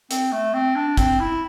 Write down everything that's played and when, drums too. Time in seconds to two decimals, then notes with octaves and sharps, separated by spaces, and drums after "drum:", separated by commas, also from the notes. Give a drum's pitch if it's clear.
0.11 C4, drum: hi-hat
0.32 A3
0.54 C4
0.75 D4
0.97 C4, drum: kick, hi-hat
1.20 E4